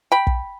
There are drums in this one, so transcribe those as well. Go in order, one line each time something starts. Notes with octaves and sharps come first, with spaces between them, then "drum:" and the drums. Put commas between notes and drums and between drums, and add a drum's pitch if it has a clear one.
G5 B5
drum: kick